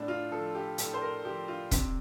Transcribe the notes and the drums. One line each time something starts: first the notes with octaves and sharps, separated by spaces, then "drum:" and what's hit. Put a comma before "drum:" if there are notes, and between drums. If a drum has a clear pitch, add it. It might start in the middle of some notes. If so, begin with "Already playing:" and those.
Already playing: A2 D4
F4
F3 A4
G4
A2 A4, drum: hi-hat
C5
A#4
F3 G4
F4
C3 C4, drum: kick, hi-hat